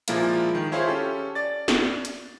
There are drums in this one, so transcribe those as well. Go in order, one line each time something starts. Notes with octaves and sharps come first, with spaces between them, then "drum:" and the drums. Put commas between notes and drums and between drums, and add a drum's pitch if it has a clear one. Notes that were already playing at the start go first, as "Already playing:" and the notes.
A#2 F3 G#3 A#3 E4 F4, drum: hi-hat
D#3
E4 F4 G#4 C5 C#5 E5
C#4 G4 A4
D5 A6
drum: snare
drum: hi-hat